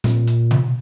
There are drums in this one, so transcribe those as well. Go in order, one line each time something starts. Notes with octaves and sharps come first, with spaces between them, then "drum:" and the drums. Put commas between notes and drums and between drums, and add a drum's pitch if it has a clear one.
A#2, drum: snare
drum: hi-hat
drum: tom